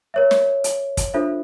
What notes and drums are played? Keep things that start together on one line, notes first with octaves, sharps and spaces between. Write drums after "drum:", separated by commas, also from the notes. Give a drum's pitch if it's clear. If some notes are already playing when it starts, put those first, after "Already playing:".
A#4 C#5 E5
drum: snare
drum: hi-hat
drum: kick, hi-hat
D4 F4 A4 C5 E5